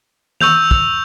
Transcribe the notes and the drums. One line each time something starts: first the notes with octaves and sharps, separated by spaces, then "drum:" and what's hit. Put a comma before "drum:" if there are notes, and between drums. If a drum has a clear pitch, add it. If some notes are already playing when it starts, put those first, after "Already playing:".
C#6 E6 G6 F7, drum: tom E3
drum: kick